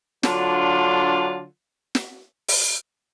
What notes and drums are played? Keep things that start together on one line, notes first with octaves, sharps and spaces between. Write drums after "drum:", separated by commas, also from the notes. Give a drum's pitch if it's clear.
D3 F#3 D4 F4, drum: snare
drum: snare
drum: open hi-hat